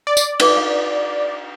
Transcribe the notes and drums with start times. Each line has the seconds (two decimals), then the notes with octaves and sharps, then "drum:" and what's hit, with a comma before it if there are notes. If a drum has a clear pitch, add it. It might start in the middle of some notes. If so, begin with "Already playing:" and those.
0.07 D5
0.17 drum: tambourine
0.40 D4 B4 D6, drum: cymbal
0.57 F5